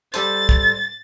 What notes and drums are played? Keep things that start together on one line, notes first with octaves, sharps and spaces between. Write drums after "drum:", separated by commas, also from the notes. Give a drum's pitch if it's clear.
G3 A4 C5 A6, drum: hi-hat
drum: kick